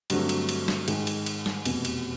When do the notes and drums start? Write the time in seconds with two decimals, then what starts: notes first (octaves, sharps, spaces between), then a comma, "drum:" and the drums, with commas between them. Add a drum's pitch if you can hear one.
0.10 G2 D3 F#3 A3 C4, drum: cymbal
0.29 drum: cymbal
0.49 drum: cymbal
0.68 drum: snare
0.88 G#2 D#3 G#3, drum: cymbal
1.07 drum: cymbal
1.26 drum: cymbal
1.46 drum: snare
1.65 F1 E2 B2, drum: cymbal
1.85 drum: cymbal